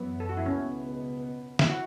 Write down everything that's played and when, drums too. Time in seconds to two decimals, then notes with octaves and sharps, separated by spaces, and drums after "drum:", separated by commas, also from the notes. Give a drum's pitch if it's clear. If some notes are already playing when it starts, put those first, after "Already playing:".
Already playing: F#2 E3 B3
0.20 A4
0.29 F#4
0.37 E4
0.46 C#2 B2 B3 C#4
1.59 E4, drum: snare
1.69 F#4